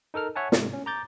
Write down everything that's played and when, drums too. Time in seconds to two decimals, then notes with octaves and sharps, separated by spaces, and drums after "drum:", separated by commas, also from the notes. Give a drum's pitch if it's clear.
0.14 D#4 A4 A#4 F6
0.36 C#5 E5 F#5 G#5 A5
0.52 G#2 C3 A3, drum: snare
0.73 C#4
0.86 A#5 D6 G6 A6